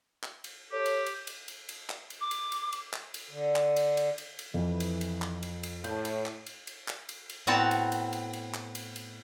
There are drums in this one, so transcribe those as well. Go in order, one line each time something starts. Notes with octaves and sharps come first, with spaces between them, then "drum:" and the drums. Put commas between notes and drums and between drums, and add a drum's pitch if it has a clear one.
drum: clap
drum: cymbal
G4 A4 C#5
drum: cymbal
drum: cymbal
drum: cymbal
drum: cymbal
drum: cymbal
drum: clap
drum: cymbal
D6
drum: cymbal
drum: cymbal
drum: cymbal
drum: clap
drum: cymbal
D3
drum: clap
drum: cymbal
drum: cymbal
drum: cymbal
drum: cymbal
F2 E3
drum: cymbal
drum: cymbal
drum: clap
drum: cymbal
drum: cymbal
A2 G6, drum: cymbal
drum: cymbal
drum: clap
drum: cymbal
drum: cymbal
drum: clap
drum: cymbal
drum: cymbal
A2 B3 C4 F#4 A5 A#5
drum: cymbal
drum: cymbal
drum: cymbal
drum: cymbal
drum: clap
drum: cymbal
drum: cymbal